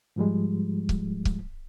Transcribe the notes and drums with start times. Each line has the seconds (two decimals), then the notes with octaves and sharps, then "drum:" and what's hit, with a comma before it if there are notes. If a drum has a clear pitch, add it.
0.16 G#2 F3 G3 G#3
0.89 drum: kick C#1
1.25 drum: kick C#1